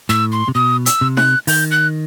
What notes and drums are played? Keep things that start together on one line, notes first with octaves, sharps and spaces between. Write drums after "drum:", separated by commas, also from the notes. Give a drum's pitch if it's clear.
A2 E6
C6
C3
B2 D#6
E6, drum: hi-hat
C3
F#6, drum: snare D#4
D#3 G6, drum: open hi-hat
F#6